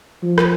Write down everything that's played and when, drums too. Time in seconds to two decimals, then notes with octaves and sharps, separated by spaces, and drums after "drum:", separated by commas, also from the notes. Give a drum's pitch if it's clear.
0.23 F3
0.38 drum: rim click